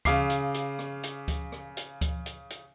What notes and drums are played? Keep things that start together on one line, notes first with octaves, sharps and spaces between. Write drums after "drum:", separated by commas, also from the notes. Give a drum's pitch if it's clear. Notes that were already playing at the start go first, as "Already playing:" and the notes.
C#3 F5 D6 C7, drum: kick D2, hi-hat
drum: hi-hat
drum: hi-hat
drum: rim click
drum: hi-hat
drum: kick D2, hi-hat
drum: rim click
drum: hi-hat
drum: kick D2, hi-hat
drum: hi-hat
drum: hi-hat